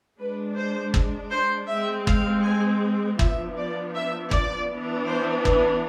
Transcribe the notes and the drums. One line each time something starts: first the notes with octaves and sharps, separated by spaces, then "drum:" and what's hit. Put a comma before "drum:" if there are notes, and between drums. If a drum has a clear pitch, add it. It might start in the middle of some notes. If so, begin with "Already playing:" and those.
G#3 D4 B4
C5
drum: kick G1
C5
G#3 C4 E5
F5, drum: kick G1
G#5
F3 B3 D4 E5, drum: kick G1
D5
E5
D5, drum: kick G1
E3 B3 D4
C5
B4, drum: kick G1